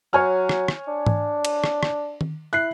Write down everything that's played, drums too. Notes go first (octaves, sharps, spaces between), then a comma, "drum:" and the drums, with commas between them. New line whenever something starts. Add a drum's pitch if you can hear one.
F#3 C#5 G#5 F6
drum: rim click
drum: rim click
D4
drum: tom G#2
drum: cymbal
drum: rim click
drum: rim click
drum: tom D#3
E4 F#6 C7